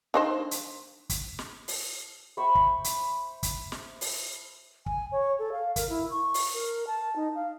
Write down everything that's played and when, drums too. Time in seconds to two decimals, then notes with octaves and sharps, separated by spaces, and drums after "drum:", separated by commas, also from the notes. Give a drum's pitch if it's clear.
0.14 D4 D#4 C5
0.51 drum: hi-hat
1.09 drum: kick, hi-hat
1.39 drum: snare
1.68 drum: open hi-hat
2.37 C5 E5 B5 C#6
2.55 drum: kick
2.84 drum: hi-hat
3.43 drum: kick, hi-hat
3.72 drum: snare
4.01 drum: open hi-hat
4.86 G#5, drum: kick
5.12 C#5
5.39 A4
5.52 F5
5.76 A#4, drum: kick, hi-hat
5.90 E4
6.10 C#6
6.34 drum: open hi-hat
6.54 A#4
6.87 A5
7.16 D#4
7.35 F5